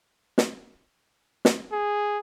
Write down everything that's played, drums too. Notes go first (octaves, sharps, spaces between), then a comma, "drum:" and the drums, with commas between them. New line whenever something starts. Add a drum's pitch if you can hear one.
drum: snare
drum: snare
G#4